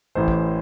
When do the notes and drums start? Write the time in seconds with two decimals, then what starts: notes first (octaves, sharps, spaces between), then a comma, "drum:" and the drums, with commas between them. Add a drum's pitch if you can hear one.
0.15 A1 A2 E3 C5
0.28 drum: kick